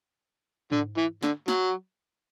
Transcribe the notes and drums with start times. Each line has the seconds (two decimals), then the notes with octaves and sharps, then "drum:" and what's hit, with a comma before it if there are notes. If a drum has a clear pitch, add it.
0.72 D3, drum: tom G#2
0.97 E3
1.23 D3, drum: snare
1.48 F#3, drum: snare